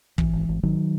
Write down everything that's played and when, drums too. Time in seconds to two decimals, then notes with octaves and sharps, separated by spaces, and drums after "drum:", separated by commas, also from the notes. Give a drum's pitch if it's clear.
0.18 G#1 E3, drum: kick
0.33 G#1
0.48 G#1
0.63 G#1 D#3 F#3